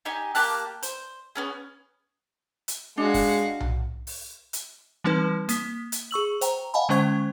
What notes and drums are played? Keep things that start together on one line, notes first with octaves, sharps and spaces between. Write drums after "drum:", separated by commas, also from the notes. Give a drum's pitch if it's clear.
D#4 G4 G#5
A#3 G4 A5 F#6, drum: open hi-hat
C5, drum: hi-hat
B3 C#4 G#4
drum: hi-hat
G#3 D4 F#4 F5
drum: kick, open hi-hat
drum: tom B1
drum: open hi-hat
drum: hi-hat
E3 G3 C4 D#4 B4
A#3 B6, drum: hi-hat
drum: hi-hat
G#4 C#6 E6 F#7
C5 G5 A#5, drum: hi-hat
D#5 F5 F#5 G#5 A5 B5
D3 G#3 C#4 C5 C#6 G#6